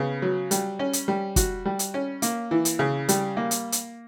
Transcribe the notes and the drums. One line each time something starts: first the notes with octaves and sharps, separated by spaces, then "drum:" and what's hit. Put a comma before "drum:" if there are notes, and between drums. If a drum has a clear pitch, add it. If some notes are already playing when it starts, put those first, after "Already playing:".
Already playing: C#3 B3
F#3
G3, drum: hi-hat
C#4
drum: hi-hat
G3
F#4, drum: kick, hi-hat
G3
drum: hi-hat
C#4
A#3, drum: hi-hat
E3
drum: hi-hat
C#3
G3, drum: hi-hat
A#3
drum: hi-hat
drum: hi-hat